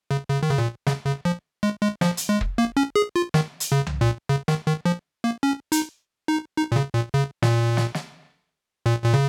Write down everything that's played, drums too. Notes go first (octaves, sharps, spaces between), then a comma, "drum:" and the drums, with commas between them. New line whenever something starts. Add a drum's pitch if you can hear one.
C#3
C#3
D#3
C#3
A#2
C#3, drum: snare
C#3
F3
G#3
G#3
F3, drum: snare
drum: hi-hat
G#3
drum: kick
A#3
C#4
G#4
F4
D#3, drum: snare
drum: hi-hat
C#3
drum: tom C2
A#2
C#3
D#3, drum: snare
D#3
F3
A#3
C#4
D#4, drum: hi-hat
D#4
D#4
A#2
C#3
A#2
C#3
A#2, drum: snare
drum: snare
drum: snare
A#2
A#2
C#3